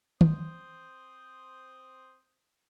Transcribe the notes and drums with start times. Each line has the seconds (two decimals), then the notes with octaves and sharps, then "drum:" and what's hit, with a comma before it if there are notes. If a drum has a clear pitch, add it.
0.21 C4 C5 D#6, drum: tom